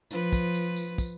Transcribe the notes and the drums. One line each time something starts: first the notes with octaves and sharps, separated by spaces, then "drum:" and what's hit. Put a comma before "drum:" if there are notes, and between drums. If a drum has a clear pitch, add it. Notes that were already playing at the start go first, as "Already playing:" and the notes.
F3 B4, drum: tambourine
drum: kick, tambourine
drum: tambourine
drum: tambourine
drum: kick, tambourine